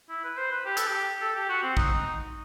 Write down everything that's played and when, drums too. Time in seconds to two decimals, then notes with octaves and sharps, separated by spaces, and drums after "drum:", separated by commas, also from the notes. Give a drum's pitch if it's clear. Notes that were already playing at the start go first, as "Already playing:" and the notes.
0.09 E4
0.24 B4
0.37 C5
0.52 B4
0.65 G4
0.77 A4, drum: hi-hat
0.87 G4
1.21 A4
1.35 G4
1.49 F#4
1.63 C4
1.77 D#4, drum: kick A#1